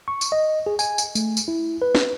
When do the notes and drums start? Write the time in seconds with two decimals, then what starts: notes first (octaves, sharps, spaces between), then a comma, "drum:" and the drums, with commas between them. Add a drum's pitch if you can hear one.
0.08 C#6
0.21 drum: tambourine
0.32 D#5
0.66 G#4
0.79 G#5, drum: tambourine
0.98 drum: tambourine
1.15 A3, drum: tambourine
1.37 drum: tambourine
1.48 E4
1.82 B4
1.95 drum: snare